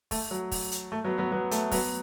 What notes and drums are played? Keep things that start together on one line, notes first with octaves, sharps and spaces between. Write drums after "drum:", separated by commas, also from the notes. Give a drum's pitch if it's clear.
A3, drum: kick, open hi-hat
F#3
drum: kick, open hi-hat
drum: hi-hat
A3
F#3 B3
F#3 B3
F#3 B3
A3, drum: hi-hat
F#3 B3, drum: kick, open hi-hat